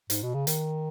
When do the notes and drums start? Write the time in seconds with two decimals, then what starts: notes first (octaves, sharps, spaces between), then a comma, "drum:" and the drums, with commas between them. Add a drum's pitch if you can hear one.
0.10 G#2, drum: hi-hat
0.23 B2
0.34 C#3
0.47 D#3, drum: hi-hat